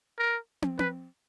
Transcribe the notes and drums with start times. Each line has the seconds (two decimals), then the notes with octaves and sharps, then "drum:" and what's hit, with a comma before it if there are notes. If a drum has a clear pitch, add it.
0.19 A#4
0.62 drum: tom
0.79 B4, drum: tom